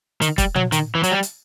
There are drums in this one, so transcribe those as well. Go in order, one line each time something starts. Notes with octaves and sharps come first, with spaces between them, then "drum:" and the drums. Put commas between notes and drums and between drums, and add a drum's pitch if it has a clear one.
D#3, drum: hi-hat
G3, drum: kick, hi-hat
F#3, drum: tom A#2
D#3, drum: hi-hat
E3
F#3, drum: hi-hat
G3
drum: hi-hat